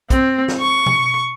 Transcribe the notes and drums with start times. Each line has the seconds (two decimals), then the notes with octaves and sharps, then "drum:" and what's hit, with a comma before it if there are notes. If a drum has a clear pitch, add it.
0.10 C4, drum: kick, hi-hat
0.48 drum: snare
0.60 C#6
0.86 drum: tom B2